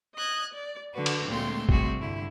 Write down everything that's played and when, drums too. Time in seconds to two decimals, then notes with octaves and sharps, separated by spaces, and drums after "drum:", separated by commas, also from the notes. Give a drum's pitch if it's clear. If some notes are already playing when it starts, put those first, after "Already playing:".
0.15 D#5 F#6 G#6
0.53 D5
0.94 D3 F#4 B4
1.06 drum: cymbal
1.29 D2 A#2 G#3 A3 C4 C6
1.69 A2 C3 G3 C4 F#4 G#4, drum: kick
1.99 G2 D3 E4